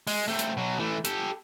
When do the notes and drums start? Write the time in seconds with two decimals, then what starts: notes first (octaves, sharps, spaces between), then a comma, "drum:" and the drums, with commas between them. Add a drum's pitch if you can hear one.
0.07 G#3, drum: open hi-hat
0.28 A3 C4
0.39 drum: hi-hat
0.57 B2 F#3
0.79 E3 A3
1.05 G4 A4, drum: hi-hat